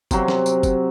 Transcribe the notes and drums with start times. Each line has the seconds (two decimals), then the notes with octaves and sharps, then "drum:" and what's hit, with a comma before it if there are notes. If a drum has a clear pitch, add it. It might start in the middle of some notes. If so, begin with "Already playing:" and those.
0.11 C3 F#3, drum: kick, tambourine
0.28 drum: snare
0.46 drum: tambourine
0.63 drum: kick, tambourine